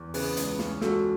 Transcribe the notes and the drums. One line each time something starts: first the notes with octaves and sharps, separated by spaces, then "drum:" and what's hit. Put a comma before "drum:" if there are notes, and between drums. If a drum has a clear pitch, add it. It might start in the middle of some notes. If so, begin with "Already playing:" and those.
Already playing: E2
C#3 G#4 B4, drum: open hi-hat
C#2, drum: hi-hat
C#4, drum: snare
G#3 F#4 A4, drum: snare